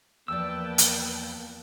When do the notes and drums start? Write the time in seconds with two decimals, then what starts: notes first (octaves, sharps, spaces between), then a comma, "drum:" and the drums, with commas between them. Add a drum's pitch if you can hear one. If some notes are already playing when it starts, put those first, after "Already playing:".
0.28 E2 F3 A#3 B4 D5 G5 A5 E6
0.78 drum: hi-hat